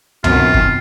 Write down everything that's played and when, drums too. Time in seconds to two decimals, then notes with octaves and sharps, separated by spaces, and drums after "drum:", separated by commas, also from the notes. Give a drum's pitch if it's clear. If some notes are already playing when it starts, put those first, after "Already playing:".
0.24 F#2 B2 D#3 C4 F4, drum: tom C#2
0.54 drum: kick